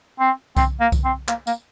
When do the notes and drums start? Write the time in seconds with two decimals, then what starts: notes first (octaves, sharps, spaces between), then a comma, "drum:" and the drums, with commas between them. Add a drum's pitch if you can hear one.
0.20 C4
0.57 C4, drum: kick C2, tambourine
0.80 A#3
0.92 drum: kick C2, tambourine
1.05 C4
1.28 A#3, drum: clap
1.47 A#3, drum: tambourine